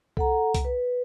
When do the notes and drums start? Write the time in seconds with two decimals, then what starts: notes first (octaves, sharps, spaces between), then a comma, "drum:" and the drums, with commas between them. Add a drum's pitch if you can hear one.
0.17 A4 F#5 A#5, drum: kick C2
0.54 drum: kick C2, hi-hat
0.65 B4